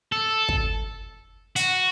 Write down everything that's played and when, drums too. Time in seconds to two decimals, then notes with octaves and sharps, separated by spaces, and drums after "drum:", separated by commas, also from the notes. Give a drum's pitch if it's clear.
0.12 A4
0.48 drum: kick
1.56 F#4, drum: hi-hat